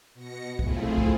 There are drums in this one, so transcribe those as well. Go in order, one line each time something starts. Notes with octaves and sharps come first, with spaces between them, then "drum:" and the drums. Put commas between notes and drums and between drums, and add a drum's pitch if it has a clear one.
B2 A#6 C#7
A3 C4 E4 F4 G#4, drum: kick
drum: tom
drum: kick